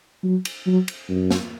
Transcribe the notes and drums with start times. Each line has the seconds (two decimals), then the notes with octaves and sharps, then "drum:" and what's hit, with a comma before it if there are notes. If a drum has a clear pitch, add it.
0.23 F#3
0.45 drum: cymbal
0.67 F#3
0.88 drum: cymbal
1.09 F#2
1.31 drum: snare